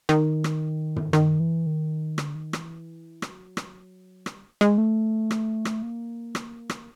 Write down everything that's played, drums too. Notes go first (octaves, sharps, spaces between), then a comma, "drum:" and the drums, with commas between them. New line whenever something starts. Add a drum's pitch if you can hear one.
D#3, drum: rim click
drum: rim click
drum: tom
D#3, drum: rim click
E3
D#3
D3, drum: rim click
D#3
E3, drum: rim click
F#3, drum: rim click
drum: rim click
G3, drum: rim click
G#3, drum: rim click
A3
drum: rim click
drum: rim click
A#3
drum: rim click
drum: rim click